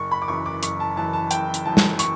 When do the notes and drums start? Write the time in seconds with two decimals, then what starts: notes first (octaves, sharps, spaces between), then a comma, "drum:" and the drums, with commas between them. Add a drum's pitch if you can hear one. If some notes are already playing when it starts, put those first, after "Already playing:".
Already playing: F#1 C#6
0.11 B5
0.22 D6
0.28 F#2 E3 C#6
0.46 D6
0.63 F#1 C#6, drum: hi-hat
0.80 A5
0.96 F#2 E3 A5
1.13 A5
1.31 F#1 G5, drum: hi-hat
1.54 drum: hi-hat
1.66 F#2 E3 A5
1.77 drum: snare
1.99 C#6, drum: hi-hat